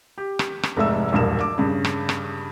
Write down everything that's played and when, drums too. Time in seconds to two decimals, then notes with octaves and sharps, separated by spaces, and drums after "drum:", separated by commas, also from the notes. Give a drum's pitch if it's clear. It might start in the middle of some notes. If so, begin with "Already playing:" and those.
0.18 G4
0.39 drum: rim click
0.63 drum: rim click
0.76 F1 G#2 A3 E5 E6
1.12 E1 A#1 G2 A#4 E7
1.41 D6
1.58 G2 C#3
1.85 drum: rim click
2.09 drum: rim click